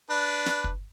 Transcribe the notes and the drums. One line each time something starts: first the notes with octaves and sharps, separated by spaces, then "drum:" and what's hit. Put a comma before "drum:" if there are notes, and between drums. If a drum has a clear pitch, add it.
D4 B4
drum: snare
drum: kick